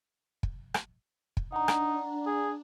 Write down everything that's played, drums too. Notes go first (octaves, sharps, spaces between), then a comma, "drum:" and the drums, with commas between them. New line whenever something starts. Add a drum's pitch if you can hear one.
drum: kick
drum: rim click
drum: kick
D4 D#4 F#5 A#5
drum: rim click
G#4